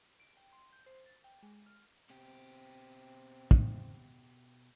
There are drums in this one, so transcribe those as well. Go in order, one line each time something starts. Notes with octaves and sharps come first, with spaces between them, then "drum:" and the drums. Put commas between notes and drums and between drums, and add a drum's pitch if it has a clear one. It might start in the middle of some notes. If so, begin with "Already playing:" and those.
D7
G5
C6
G6
C5
A6
G5
G#3
F6
B2 C4 G4
drum: kick